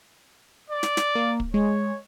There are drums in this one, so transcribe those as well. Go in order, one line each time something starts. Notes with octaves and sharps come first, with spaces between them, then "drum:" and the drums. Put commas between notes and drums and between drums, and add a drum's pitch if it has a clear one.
D5
drum: snare
drum: snare
A#3
drum: kick
G#3 C#5